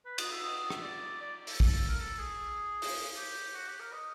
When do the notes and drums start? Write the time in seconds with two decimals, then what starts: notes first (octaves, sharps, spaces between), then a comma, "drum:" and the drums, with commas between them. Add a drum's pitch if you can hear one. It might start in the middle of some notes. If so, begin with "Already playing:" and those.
0.05 B4
0.18 D#5, drum: cymbal
0.31 E5
0.44 D#5
0.57 D#5
0.70 E5, drum: rim click
0.82 D5
1.21 D5
1.47 A4, drum: open hi-hat
1.60 A4, drum: kick
1.88 A#4
1.99 A4
2.18 G#4
2.82 drum: open hi-hat
3.16 G4
3.54 F#4
3.68 G4
3.80 A#4
3.93 D#5